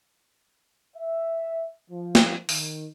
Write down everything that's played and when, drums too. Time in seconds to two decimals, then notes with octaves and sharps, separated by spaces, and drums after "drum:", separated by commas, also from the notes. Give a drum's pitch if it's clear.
0.96 E5
1.90 F3
2.15 drum: snare
2.49 D#3, drum: open hi-hat